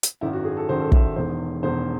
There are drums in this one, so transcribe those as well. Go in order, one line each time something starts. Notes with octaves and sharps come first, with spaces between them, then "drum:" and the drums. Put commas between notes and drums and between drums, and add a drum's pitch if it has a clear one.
drum: hi-hat
G#1 F#2 D#3 E4
F#4
G#4
A4
G#1 F#2 D#3 C5
A4
E5, drum: kick
E1 E2 D#3 C5
E1 E2 D#3 C5